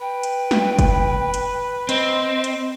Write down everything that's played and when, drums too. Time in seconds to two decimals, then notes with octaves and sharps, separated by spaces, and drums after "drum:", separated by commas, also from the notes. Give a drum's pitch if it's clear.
0.01 B4 G5
0.23 drum: hi-hat
0.51 drum: snare
0.79 drum: kick, hi-hat
1.34 drum: hi-hat
1.89 C4 D#5, drum: hi-hat
2.44 drum: hi-hat